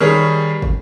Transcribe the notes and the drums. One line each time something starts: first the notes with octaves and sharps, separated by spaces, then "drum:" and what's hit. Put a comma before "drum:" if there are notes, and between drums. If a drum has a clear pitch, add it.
D#3 G3 G#4 C#5
drum: kick